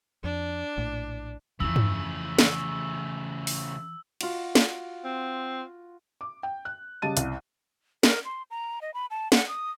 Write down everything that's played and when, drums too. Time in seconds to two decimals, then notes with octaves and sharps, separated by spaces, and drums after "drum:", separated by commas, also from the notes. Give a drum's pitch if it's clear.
0.24 F2 D4
0.78 A#1 A2
1.60 F2 C#3 E3 A3 E6
1.76 drum: tom G2
2.39 drum: snare
3.47 drum: open hi-hat
4.21 F4 F#4, drum: cymbal
4.55 drum: snare
5.04 C4
6.21 D6
6.43 G5
6.65 F#6
7.02 C#3 G3 D#5 A5 D#7
7.17 C2, drum: hi-hat
8.03 A#4, drum: snare
8.25 C6
8.51 A#5
8.82 D#5
8.94 B5
9.10 A5
9.32 F#5, drum: snare
9.48 D#6